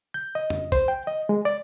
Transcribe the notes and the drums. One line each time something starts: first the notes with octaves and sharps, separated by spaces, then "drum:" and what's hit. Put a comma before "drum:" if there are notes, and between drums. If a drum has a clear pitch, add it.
G6
D#5
drum: tom
C5, drum: kick, hi-hat
G5
D#5
G#3
D5